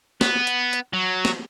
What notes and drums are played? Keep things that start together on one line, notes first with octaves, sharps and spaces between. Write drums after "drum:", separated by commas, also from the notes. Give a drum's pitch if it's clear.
B3, drum: snare
drum: hi-hat
drum: hi-hat
F#3
drum: snare